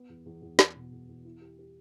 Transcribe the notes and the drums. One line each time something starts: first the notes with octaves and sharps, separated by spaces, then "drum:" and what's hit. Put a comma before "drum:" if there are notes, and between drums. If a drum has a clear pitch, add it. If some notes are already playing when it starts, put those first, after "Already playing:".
Already playing: B3
E2
E2
E2
E2, drum: snare
B2
E2
E2
E4
G4
G4